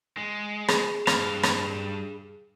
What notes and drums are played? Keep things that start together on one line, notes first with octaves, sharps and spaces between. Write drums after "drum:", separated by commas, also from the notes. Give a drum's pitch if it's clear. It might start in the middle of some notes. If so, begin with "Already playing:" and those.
G#3
G#4, drum: rim click
G2 F5, drum: rim click
drum: rim click